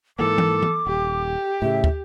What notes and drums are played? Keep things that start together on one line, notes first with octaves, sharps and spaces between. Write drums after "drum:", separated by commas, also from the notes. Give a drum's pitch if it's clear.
G#2 E3 A#3 A4 D6
drum: tom E3
drum: tom E3
D#1 G4
A2 C#3 E5
drum: kick